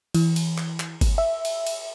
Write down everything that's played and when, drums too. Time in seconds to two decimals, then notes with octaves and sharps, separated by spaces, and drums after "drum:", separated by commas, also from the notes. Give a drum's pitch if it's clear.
0.14 E3, drum: cymbal
0.36 drum: cymbal
0.58 drum: clap
0.80 drum: clap
1.01 drum: kick G1, cymbal
1.18 E5
1.45 drum: cymbal
1.67 drum: cymbal